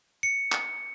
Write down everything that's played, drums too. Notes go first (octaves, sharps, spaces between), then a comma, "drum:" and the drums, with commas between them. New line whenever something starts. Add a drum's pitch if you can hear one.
C#7
drum: clap